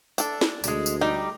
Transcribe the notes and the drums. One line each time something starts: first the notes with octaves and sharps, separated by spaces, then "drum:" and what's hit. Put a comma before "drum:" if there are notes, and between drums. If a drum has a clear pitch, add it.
D4 A4, drum: tambourine
drum: snare
D2 G3 G#3, drum: tambourine
drum: tambourine
G3 D#4